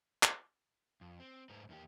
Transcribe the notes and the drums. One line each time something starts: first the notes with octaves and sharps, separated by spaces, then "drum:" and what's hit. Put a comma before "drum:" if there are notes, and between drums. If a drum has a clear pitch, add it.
drum: clap
F2
C4
G#2 A3 B4 C5 A#5
E2 A#3 D#4 G4